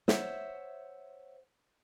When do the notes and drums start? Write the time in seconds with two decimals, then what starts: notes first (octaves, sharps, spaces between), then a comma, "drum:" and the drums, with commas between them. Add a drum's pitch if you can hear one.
0.08 C5 C#5 E5 F#5, drum: snare